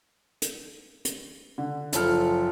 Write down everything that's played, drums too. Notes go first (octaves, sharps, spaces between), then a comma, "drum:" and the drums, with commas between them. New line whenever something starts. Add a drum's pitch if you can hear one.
drum: hi-hat
drum: hi-hat
D3
F#1 F3 A4 F6, drum: hi-hat